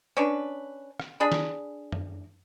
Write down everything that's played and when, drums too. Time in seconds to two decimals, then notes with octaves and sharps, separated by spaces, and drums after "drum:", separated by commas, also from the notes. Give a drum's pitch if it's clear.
0.17 C#4 D4 B4
1.00 drum: rim click
1.20 D4 G#4 B5
1.32 drum: snare
1.92 drum: tom F#2